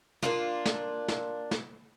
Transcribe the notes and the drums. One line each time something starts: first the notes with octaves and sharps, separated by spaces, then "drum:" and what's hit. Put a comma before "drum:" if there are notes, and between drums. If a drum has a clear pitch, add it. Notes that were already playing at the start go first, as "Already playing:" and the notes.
A#3 D4 F4, drum: snare
drum: snare
drum: snare
drum: snare